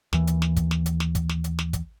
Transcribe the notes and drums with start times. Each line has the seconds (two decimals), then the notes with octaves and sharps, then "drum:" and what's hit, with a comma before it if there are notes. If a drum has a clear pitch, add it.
0.13 D#2 E3, drum: snare
0.27 drum: hi-hat
0.42 drum: snare
0.57 drum: kick, hi-hat
0.71 drum: snare
0.86 drum: hi-hat
1.00 drum: snare
1.15 drum: kick, hi-hat
1.29 drum: snare
1.44 drum: hi-hat
1.59 drum: snare
1.73 drum: kick, hi-hat